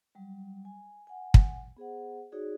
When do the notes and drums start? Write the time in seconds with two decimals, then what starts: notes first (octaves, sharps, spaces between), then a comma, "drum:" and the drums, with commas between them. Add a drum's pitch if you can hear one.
0.15 F#3 G3
0.65 G#5
1.07 F#5 G#5
1.34 drum: kick
1.77 B3 G#4 C5 F#5
2.32 D#4 F#4 G#4 C#5 D5